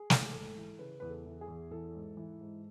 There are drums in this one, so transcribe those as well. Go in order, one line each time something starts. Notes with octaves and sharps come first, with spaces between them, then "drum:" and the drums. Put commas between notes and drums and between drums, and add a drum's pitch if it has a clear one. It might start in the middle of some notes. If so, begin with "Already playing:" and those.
Already playing: G#4
G#2, drum: snare
G#2 A4
E3
C#3 B4
E2 B4
A4
E3
G#4
E2
E3 A4
G#2
E3
G#2